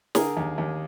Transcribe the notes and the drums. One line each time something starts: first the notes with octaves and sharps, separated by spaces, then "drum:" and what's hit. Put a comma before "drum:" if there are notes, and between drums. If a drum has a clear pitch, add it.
D3 G#4 A#4, drum: snare
D#2
D#2